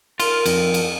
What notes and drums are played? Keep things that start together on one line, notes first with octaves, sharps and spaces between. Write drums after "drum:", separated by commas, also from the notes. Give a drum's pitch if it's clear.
F4 A#4, drum: cymbal
F2, drum: cymbal
drum: cymbal